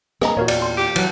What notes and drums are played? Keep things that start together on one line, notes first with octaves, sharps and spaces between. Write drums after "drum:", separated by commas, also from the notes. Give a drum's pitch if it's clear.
A#3 C4 G#4 D#5 A#5, drum: rim click
E2 A#2 F#4 A#4 C#5
D5, drum: cymbal
C6
G4
E3 F#3, drum: cymbal